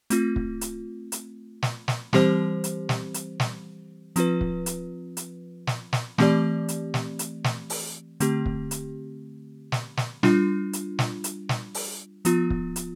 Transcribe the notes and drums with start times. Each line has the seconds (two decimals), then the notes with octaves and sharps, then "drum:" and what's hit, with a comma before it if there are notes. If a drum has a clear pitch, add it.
0.10 A3 C4 F4, drum: hi-hat
0.36 drum: kick
0.61 drum: hi-hat
1.12 drum: hi-hat
1.62 drum: snare
1.88 drum: snare
2.13 E3 G3 C4 G4 C5, drum: snare
2.64 drum: hi-hat
2.89 drum: snare
3.14 drum: hi-hat
3.40 drum: snare
4.16 F3 C4 F4 B4, drum: hi-hat
4.41 drum: kick
4.66 drum: hi-hat
5.17 drum: hi-hat
5.67 drum: snare
5.93 drum: snare
6.18 E3 A3 C4 G4 D5, drum: snare
6.68 drum: hi-hat
6.94 drum: snare
7.19 drum: hi-hat
7.44 drum: snare
7.70 drum: open hi-hat
8.20 D3 A3 C4 G4, drum: hi-hat
8.46 drum: kick
8.71 drum: hi-hat
9.72 drum: snare
9.97 drum: snare
10.23 G3 D4 F4, drum: snare
10.73 drum: hi-hat
10.99 drum: snare
11.24 drum: hi-hat
11.49 drum: snare
11.74 drum: open hi-hat
12.25 F3 B3 F4, drum: hi-hat
12.50 drum: kick
12.76 drum: hi-hat